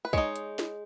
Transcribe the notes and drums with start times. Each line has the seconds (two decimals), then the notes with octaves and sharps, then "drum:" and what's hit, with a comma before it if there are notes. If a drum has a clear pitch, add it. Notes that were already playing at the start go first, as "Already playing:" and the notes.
0.05 B4
0.13 G#3 D#4 C#5, drum: kick
0.36 drum: hi-hat
0.59 drum: snare